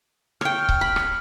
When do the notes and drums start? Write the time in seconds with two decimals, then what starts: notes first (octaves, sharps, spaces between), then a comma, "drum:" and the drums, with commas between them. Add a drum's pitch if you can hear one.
0.41 C#5 G5 F6, drum: rim click
0.69 drum: kick C#1
0.81 B5
0.96 drum: rim click